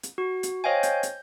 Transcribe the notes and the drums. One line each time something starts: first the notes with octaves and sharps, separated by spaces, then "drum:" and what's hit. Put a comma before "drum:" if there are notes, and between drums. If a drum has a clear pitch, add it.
drum: hi-hat
F#4
drum: hi-hat
C5 C#5 D#5 F5 G5 G#5
G6, drum: hi-hat
drum: hi-hat